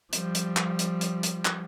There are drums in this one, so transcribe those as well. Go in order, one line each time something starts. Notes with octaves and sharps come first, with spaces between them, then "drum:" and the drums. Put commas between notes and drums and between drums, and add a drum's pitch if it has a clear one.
F3 G3, drum: hi-hat
drum: hi-hat
drum: clap
drum: hi-hat
drum: hi-hat
drum: hi-hat
drum: clap